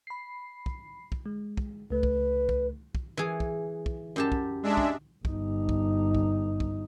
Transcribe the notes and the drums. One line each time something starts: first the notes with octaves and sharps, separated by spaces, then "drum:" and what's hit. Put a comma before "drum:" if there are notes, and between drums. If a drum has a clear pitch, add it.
B5 C7
drum: kick
drum: kick
G#3
drum: kick
C#2 A3 B4
drum: kick
drum: kick
drum: kick
E3 G#4
drum: kick
drum: kick
F#2 G4 A5
drum: kick
G#3 D4 E5
drum: kick
G1 D#4, drum: kick
drum: kick
drum: kick
drum: kick